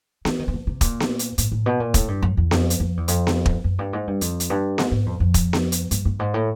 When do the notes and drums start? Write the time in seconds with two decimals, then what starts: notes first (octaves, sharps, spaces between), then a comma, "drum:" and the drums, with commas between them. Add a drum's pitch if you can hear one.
0.25 E3, drum: snare B3
0.39 D#3
0.48 C#3
0.54 D3
0.67 C3
0.81 A#2, drum: kick, hi-hat
1.00 drum: snare B3
1.19 drum: hi-hat
1.38 A2, drum: hi-hat
1.52 A2
1.66 B2
1.80 A#2
1.94 A2, drum: kick, hi-hat
2.08 G2
2.22 F#2
2.37 E2
2.51 F2, drum: snare B3
2.70 drum: hi-hat
2.80 F2
2.97 E2
3.08 F2, drum: hi-hat
3.27 drum: snare B3
3.46 drum: kick
3.64 F#2
3.79 G2
3.93 G#2
4.07 G2
4.21 F2, drum: hi-hat
4.40 drum: hi-hat
4.50 G2
4.78 G#2, drum: snare B3
4.91 G#2
5.06 F2
5.20 F2
5.34 drum: kick, hi-hat
5.53 drum: snare B3
5.72 drum: hi-hat
5.91 G2, drum: hi-hat
6.05 G2
6.19 G#2
6.34 A2